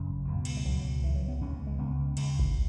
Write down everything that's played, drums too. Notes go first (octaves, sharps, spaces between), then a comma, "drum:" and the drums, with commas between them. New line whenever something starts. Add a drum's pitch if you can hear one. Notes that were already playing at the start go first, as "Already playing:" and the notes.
Already playing: G#1 F#2 C#3
C#2 B2
drum: cymbal
G#3
C#2 B2 F#3
C#2 E3
C#3
F#3
B3
C#2 C#3 C#4
G#3
C#2 C#3 B3
C#2 C#3 G#3, drum: cymbal
drum: kick G#1